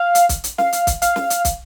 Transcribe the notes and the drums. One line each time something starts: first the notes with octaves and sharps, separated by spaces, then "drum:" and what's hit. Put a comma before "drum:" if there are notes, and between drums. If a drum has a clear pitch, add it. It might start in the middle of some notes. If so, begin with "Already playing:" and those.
Already playing: F5
drum: hi-hat
drum: kick, hi-hat
drum: hi-hat
F5, drum: snare
drum: hi-hat
drum: kick, hi-hat
F5, drum: hi-hat
drum: snare
drum: hi-hat
drum: kick, hi-hat